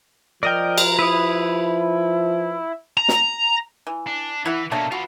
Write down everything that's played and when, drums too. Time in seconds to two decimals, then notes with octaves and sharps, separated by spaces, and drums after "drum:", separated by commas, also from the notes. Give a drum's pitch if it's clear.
0.43 F3 A#4 D5 D#5 G5
0.78 drum: cymbal
0.99 E4 B4 D#6
2.97 A#5
3.08 drum: snare
3.87 E3
4.07 D4
4.46 E3 E4 F#5
4.71 B2 A3 A#3 D4 C#5
4.92 F4 F#4 B4